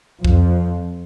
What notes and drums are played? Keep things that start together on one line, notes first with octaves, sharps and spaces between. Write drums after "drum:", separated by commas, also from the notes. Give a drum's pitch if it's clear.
F2 F3, drum: kick C2